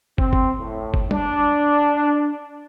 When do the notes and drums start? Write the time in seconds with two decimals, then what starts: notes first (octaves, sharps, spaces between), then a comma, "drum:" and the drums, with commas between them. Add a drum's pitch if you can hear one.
0.18 C4, drum: kick
0.33 drum: kick
0.58 A2
0.94 drum: kick
1.11 D4, drum: tom